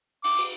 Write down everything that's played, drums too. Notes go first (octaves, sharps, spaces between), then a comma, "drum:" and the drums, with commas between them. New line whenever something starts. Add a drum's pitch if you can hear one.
D6, drum: cymbal
drum: cymbal